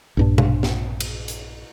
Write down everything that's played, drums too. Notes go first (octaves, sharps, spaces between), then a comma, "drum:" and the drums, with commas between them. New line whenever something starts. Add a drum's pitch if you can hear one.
A#1 G2 D4
drum: tom B2
drum: snare
drum: cymbal
drum: hi-hat